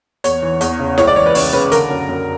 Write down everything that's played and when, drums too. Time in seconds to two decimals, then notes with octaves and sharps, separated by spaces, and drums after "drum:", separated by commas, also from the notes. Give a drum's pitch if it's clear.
0.24 E2 C#5, drum: hi-hat
0.42 E3
0.61 E2, drum: hi-hat
0.79 C#3
0.98 C#2 C#5, drum: snare E4
1.07 D5
1.16 E3 C#5
1.26 B4
1.35 C#2 C#5, drum: open hi-hat
1.53 C#3 B4
1.72 D3 A#4, drum: hi-hat
1.90 F#2
2.09 F#2